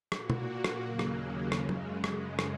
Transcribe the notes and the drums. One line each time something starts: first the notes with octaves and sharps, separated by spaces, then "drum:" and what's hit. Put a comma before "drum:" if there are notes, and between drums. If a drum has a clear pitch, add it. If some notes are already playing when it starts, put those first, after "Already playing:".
A#2 A#3 F#4, drum: rim click
drum: tom
drum: rim click
D#2 C#3 F#3 A#3
drum: rim click
F#2 C#3 G#3, drum: rim click
drum: tom
drum: rim click
drum: rim click